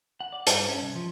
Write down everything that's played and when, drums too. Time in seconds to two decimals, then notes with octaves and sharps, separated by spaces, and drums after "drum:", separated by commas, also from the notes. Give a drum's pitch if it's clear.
0.20 F#5
0.33 D5
0.47 G2, drum: hi-hat
0.68 C#4
0.82 C2
0.95 F3